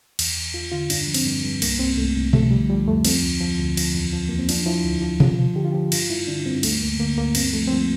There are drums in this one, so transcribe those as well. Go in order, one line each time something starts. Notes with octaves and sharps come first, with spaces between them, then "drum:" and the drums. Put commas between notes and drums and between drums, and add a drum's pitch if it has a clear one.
E2, drum: cymbal
E2
E2 F4
D3 F4
G2 D4, drum: cymbal
F3
C4, drum: cymbal
G2
G2
C2 A#3, drum: cymbal
C2 C4
C2 A3
C2
F3 A3, drum: tom B2
D3 G3
F3 G3
F2 A3
F3 C4, drum: cymbal
D2
F3
D2
F3, drum: cymbal
E2
F3
E2 A#3
C4
F3 D4, drum: cymbal
F3 E4
D2
F3 F4
D3 F4, drum: tom B2
F3
D3 G4
F4
F3 G4
G2 F4, drum: cymbal
G2 E4
D3 D4
G2 C4
D2 A3, drum: cymbal
D2 A#3
D3 A#3
D2 A#3
G2 C4, drum: cymbal
F3 A3
C4
F3 A#3